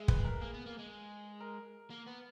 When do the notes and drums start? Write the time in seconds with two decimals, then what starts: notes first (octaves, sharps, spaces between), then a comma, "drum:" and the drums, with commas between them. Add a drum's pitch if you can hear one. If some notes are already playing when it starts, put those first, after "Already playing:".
Already playing: G#3 E5
0.08 B4, drum: kick
0.24 A#4
0.41 A#3 G#4
0.54 B3
0.66 A#3
0.79 G#3
1.40 A#4
1.91 A#3
2.07 B3